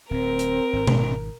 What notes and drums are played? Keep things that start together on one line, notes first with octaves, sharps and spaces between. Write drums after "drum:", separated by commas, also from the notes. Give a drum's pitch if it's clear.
D1 A2 C4 A#4
drum: hi-hat
G#1 G#2
drum: tom B2